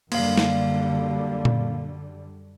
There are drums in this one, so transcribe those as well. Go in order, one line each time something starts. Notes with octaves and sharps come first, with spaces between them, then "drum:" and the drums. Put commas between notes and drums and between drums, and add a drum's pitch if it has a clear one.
F#2 D3 G3 A#3 F5, drum: cymbal
drum: snare
drum: tom A#2